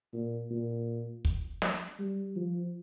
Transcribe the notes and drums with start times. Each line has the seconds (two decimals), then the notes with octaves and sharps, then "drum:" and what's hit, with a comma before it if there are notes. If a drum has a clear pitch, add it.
0.13 A#2
0.50 A#2
1.25 drum: kick
1.62 drum: snare
1.99 G3
2.36 F3